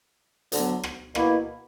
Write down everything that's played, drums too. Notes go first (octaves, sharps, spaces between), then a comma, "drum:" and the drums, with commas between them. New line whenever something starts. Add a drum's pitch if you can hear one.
D2 D3 F#3 B3, drum: hi-hat
drum: rim click
B2 A#3 E4, drum: rim click